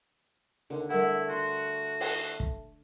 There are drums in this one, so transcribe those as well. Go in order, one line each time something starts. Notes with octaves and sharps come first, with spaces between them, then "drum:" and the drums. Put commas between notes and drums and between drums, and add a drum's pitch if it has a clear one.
D#2 D3
G3 A3 E4 A#4 F#5
F#4 C6
drum: open hi-hat
drum: kick